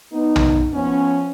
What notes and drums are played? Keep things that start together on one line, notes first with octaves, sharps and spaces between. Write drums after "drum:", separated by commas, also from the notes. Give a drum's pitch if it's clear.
B3 D#4
drum: tom
F3 B3 C#4